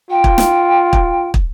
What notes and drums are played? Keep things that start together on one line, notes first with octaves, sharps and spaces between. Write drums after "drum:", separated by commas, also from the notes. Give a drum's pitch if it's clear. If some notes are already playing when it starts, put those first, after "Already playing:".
F4 G5
drum: kick
drum: snare
drum: kick
drum: kick